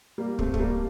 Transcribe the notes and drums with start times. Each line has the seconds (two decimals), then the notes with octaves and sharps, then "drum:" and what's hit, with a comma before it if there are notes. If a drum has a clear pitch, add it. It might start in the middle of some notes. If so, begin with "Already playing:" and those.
0.18 G3 A#3
0.39 A3 C4, drum: kick
0.54 A3, drum: kick
0.60 G3 A#3